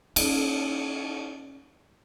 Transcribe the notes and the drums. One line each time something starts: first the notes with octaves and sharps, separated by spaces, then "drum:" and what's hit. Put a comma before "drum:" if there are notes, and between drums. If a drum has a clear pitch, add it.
A#3 C#4, drum: cymbal